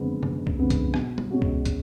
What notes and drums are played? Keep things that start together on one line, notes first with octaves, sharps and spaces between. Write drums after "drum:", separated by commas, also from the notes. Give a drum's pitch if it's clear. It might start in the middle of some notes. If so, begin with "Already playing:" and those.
Already playing: F#1 F2 D3 G#3 B3
F#1, drum: tom C3
drum: kick
F2 D3 G#3 B3
drum: kick, hi-hat
B1, drum: rim click
drum: tom G3
B2 G#3 C#4 F#4
drum: kick
drum: kick, hi-hat